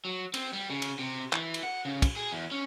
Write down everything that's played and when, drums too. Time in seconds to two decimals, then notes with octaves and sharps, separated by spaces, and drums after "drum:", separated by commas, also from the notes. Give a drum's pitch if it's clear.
0.05 F#3
0.34 C4, drum: cymbal
0.53 G3
0.70 C#3
0.82 drum: cymbal
0.99 C3
1.33 E3, drum: clap
1.54 drum: cymbal
1.63 F#5
1.85 C#3
2.02 drum: kick, cymbal
2.16 G#4
2.32 E2
2.51 C#4